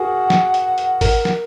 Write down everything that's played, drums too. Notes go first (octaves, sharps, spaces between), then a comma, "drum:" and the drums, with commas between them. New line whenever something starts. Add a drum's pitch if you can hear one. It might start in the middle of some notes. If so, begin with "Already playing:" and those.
Already playing: F#4 G#4 A#4 F#5
drum: snare
drum: hi-hat
drum: hi-hat
A#4, drum: kick, open hi-hat
drum: snare